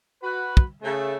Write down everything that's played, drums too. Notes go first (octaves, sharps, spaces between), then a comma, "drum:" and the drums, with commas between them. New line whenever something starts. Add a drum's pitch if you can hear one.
F#4 B4
drum: kick
C#3 A3